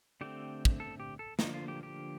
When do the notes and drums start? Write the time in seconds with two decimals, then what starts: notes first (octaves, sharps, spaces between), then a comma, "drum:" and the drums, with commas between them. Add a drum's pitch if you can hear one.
0.21 D3 A3 C4 G4
0.65 drum: kick
0.80 A4
1.00 G4
1.19 A4
1.39 D3 F3 A#3 D#4, drum: snare
1.54 F4
1.68 G4
1.83 G4